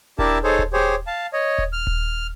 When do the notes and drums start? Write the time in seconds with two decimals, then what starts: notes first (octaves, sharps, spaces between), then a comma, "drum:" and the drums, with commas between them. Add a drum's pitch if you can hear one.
0.19 D4 E4 G4 A#4 E5 A5, drum: kick D#1
0.44 D#4 G#4 A4 C5 C#5
0.59 drum: kick D#1
0.73 G4 G#4 C5 C#5
1.07 F5 A5
1.33 C#5 D#5
1.58 drum: kick D#1
1.73 F6
1.87 drum: kick D#1